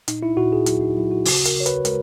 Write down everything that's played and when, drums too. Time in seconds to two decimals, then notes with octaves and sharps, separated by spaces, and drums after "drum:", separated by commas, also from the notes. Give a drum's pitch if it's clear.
0.08 A#2 D#4, drum: hi-hat
0.23 E4
0.37 A#2 F#4
0.52 G#4
0.66 F#3 E4, drum: hi-hat
0.81 D#4
0.97 F#3 E4
1.11 F#4
1.25 C#3 F#4, drum: open hi-hat
1.45 A#4, drum: hi-hat
1.56 C#3 C#5
1.66 B4, drum: hi-hat
1.85 G#3 A#4, drum: hi-hat